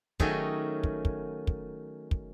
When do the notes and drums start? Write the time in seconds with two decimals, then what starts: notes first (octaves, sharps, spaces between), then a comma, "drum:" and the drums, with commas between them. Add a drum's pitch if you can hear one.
0.20 D#3 F#3 A3 C#4 G#4 A4, drum: kick
0.83 drum: kick
1.05 drum: kick
1.47 drum: kick
2.11 drum: kick